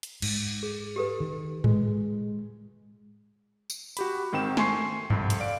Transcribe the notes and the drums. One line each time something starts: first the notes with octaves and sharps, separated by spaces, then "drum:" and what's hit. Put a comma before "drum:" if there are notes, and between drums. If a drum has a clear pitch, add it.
drum: hi-hat
G#2, drum: cymbal
G#4
G4 A4 B4
D#3
G#3, drum: tom G#2
drum: tambourine
F#4 G4 B5, drum: hi-hat
G#2 D#3 C4 G5 E7
A3 G#5 C6 C#6 C7, drum: snare
C2 F2, drum: tom G2
drum: hi-hat
D5 F5 D7